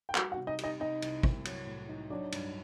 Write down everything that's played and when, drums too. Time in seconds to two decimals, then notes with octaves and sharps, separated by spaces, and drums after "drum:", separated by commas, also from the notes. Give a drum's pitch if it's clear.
0.09 G5
0.15 G3 F#4 F#5, drum: clap
0.32 F#4 F#5
0.37 C3
0.47 D#4 D#5
0.59 G4, drum: cymbal
0.64 D#4 D#5
0.80 C3 D#4 D#5
1.02 C2, drum: cymbal
1.23 C2, drum: kick
1.45 F#3, drum: cymbal
1.67 A2
1.89 D#4
2.10 F#3 D4 D5
2.32 G2, drum: cymbal